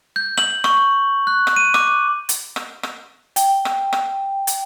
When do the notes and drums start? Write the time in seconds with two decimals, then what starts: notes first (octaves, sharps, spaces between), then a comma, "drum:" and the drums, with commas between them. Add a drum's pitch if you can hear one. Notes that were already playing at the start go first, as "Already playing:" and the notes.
0.16 G6
0.38 F#7, drum: rim click
0.64 C#6, drum: rim click
1.27 F#6
1.47 drum: rim click
1.56 D#7
1.74 D6, drum: rim click
2.29 drum: hi-hat
2.56 drum: rim click
2.83 drum: rim click
3.36 G5, drum: hi-hat
3.65 drum: rim click
3.93 drum: rim click
4.47 drum: hi-hat